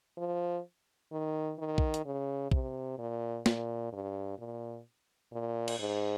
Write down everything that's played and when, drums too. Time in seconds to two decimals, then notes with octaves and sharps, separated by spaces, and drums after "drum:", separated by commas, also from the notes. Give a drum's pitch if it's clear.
0.18 F3
1.12 D#3
1.58 D#3
1.78 drum: kick
1.94 drum: hi-hat
2.05 C#3
2.51 C3, drum: kick
2.98 A#2
3.46 A#2, drum: snare
3.92 G2
4.39 A#2
5.33 A#2
5.68 drum: cymbal
5.79 G#2